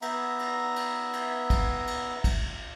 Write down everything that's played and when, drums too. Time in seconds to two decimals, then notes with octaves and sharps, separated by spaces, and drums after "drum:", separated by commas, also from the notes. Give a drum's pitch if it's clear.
0.02 B3 E5 A#5, drum: cymbal
0.39 drum: cymbal
0.76 drum: cymbal
1.13 drum: cymbal
1.50 drum: kick, cymbal
1.87 drum: cymbal
2.24 drum: kick, cymbal